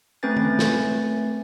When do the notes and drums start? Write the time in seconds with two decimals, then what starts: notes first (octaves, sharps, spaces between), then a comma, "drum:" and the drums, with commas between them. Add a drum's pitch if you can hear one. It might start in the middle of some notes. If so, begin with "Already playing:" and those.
0.23 A3 C4 C#4 B4 G#5 A6
0.37 drum: tom
0.59 drum: snare